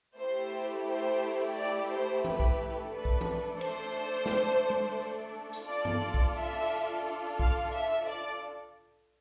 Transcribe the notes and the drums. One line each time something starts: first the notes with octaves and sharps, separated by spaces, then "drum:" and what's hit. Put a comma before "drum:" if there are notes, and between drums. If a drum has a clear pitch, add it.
A3 E4 G4 C5
C5
D5
C5
B4, drum: tom E3
drum: kick B1
A3 D4 A4 B4
drum: kick B1
drum: tom E3
C5, drum: cymbal
drum: snare
drum: tom G#3
drum: tambourine
D4 F4 A4 D5
drum: tom G2
drum: kick B1
E5
F5, drum: kick B1
E5
D5